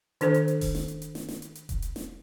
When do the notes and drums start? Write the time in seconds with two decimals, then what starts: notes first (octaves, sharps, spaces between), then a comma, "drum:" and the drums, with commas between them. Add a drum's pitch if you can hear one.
0.21 D#3 D4 A4 C5, drum: hi-hat
0.34 drum: hi-hat
0.48 drum: hi-hat
0.61 drum: kick E1, open hi-hat
0.75 drum: snare
0.88 drum: hi-hat
1.02 drum: hi-hat
1.15 drum: snare
1.29 drum: snare
1.42 drum: hi-hat
1.55 drum: hi-hat
1.69 drum: kick E1, hi-hat
1.82 drum: hi-hat
1.96 drum: snare